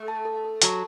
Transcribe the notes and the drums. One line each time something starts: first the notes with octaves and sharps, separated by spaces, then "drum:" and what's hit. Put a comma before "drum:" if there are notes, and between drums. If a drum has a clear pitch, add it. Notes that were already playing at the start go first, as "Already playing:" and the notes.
Already playing: A3
A5
A4
A4
F#3 A5, drum: hi-hat